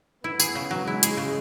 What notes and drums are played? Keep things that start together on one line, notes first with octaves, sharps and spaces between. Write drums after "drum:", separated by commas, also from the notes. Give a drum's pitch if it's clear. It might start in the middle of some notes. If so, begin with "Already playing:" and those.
B3 E4
G#4, drum: tambourine
C#3
F#3
G#3 E4
G#4, drum: hi-hat
C#3